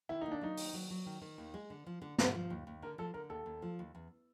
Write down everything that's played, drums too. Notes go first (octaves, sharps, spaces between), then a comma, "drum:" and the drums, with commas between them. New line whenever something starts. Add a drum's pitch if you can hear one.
D#3 E4
A#3 D#4
D4
F#3 D#4
D#3, drum: open hi-hat
F#3
F#3
D#3
D#3
D#2
G#3
D3
F3
D3
D3, drum: snare
F3
D#2
D#2
D3 A#4
F3 A4
D3 A#4
D#2 A4
D#2
F3
D#2
E2